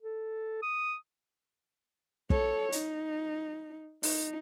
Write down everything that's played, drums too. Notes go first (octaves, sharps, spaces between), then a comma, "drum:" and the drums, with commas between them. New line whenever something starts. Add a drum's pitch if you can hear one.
A4
D#6
A4 C#5, drum: kick
D#4, drum: hi-hat
D#4, drum: open hi-hat